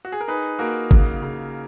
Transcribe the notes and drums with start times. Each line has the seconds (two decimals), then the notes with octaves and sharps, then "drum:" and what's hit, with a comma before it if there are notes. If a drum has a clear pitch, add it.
0.05 F#4
0.12 G#4
0.21 A#4
0.28 D#4 G#4 B4
0.59 A#3 F#4 A#4
0.91 C#3, drum: kick
1.22 C#3